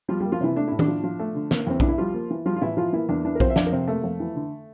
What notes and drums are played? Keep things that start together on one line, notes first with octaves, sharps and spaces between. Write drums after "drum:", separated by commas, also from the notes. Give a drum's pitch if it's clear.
F3 G3 F4
G3 G4
A#3
F3 F4
C3 E3 E4
A3 D4
A2 E4
D4, drum: tom D#3
F3
F3
A3
D3
A#3, drum: snare
E2 C4
E3 D4, drum: kick A#1
E4
F3 G3 F4
A#3
E3
F3 G3 F4
F4
A2 E3 E4
E3 F3 F4
E3 A#3 E4
E2 D4
E3 D4
A#4
F3 C4 C5, drum: kick A#1
E5
F2 D4 D5, drum: snare
A#4
C3 C4 C5
A3 A#3 A4
F2
E3
D3